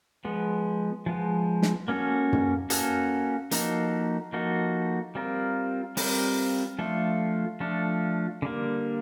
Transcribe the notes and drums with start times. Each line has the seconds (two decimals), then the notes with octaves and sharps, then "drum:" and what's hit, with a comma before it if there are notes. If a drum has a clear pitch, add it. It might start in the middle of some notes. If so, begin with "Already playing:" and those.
0.25 F3 G#3 B3
1.06 F3 G#3 B3
1.62 drum: snare
1.88 A#3 C#4 F#4 A4
2.33 drum: tom
2.70 A#3 C#4 F#4 A4, drum: hi-hat
3.51 F3 A#3 D#4 F#4 A4, drum: hi-hat
4.33 F3 A#3 D#4 F#4 A4
5.15 G3 C4 F4 A#4
5.97 G3 C4 F4 A#4, drum: open hi-hat
6.79 F3 A3 D4 F4 A4
7.60 F3 A3 D4 F4 A4
8.42 D3 G3 A#3